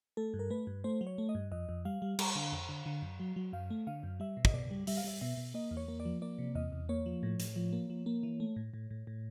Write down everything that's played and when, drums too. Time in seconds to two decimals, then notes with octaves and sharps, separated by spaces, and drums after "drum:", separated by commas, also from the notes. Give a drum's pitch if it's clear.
0.17 A3 A4
0.34 G2
0.39 A#4
0.50 A3 B4
0.67 G2
0.84 A3 C5
1.01 F#3
1.07 C#5
1.18 A3
1.29 D#5
1.35 G2
1.52 F2 D#5
1.69 F2
1.85 G3 F5
2.02 G3
2.19 G3, drum: cymbal
2.35 D3
2.52 F2
2.69 D3
2.86 D3
3.02 F#2
3.20 F#3
3.36 F#3
3.53 F#2 F5
3.70 A3
3.87 D3 F5
4.03 F#2
4.20 G3 E5
4.37 B2
4.45 D#5, drum: kick
4.54 B2 D5
4.71 G3
4.87 G3 E5, drum: open hi-hat
4.97 F5
5.04 G3 E5
5.21 B2 E5
5.37 B2
5.54 A#3 D#5
5.71 E2
5.77 C#5
5.88 A#3
6.00 D5
6.05 F3
6.22 A#3 D5
6.39 C3
6.55 E2 D#5
6.72 E2
6.89 A#3 C#5
7.06 F3
7.23 A2
7.40 A2, drum: hi-hat
7.56 F3
7.73 A#3
7.90 F3
8.06 A#3
8.23 E3
8.40 A3
8.56 A2
8.74 A2
8.91 A2
9.07 A2